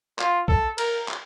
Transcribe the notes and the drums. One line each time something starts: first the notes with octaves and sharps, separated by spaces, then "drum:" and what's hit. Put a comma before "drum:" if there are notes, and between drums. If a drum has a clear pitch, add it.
F4, drum: clap
A4, drum: kick B1
A#4, drum: cymbal
drum: clap